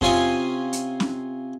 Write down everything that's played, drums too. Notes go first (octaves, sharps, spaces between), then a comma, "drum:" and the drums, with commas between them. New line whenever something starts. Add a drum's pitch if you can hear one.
C3 C#4 F4 G#5 C#6 D#6, drum: kick F2
drum: hi-hat
drum: snare C#4